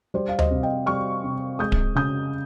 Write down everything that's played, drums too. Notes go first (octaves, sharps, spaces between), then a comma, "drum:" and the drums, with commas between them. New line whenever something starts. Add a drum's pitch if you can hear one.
G3 C5
F5
C5 D#5, drum: tom D2
C3
D#5 G5
G3 C#6 F6
C3
G#3 D#6 G6
drum: kick D1
C#3 D#6 G6